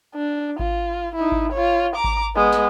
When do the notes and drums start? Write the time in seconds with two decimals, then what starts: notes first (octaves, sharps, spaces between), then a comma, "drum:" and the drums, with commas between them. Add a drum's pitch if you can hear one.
0.15 D4
0.59 F4, drum: kick G#1
1.15 D#4 E4
1.32 drum: kick G#1
1.52 F4 C#5
1.95 A#5 D6
2.04 drum: kick G#1
2.36 G#3 B3
2.53 drum: snare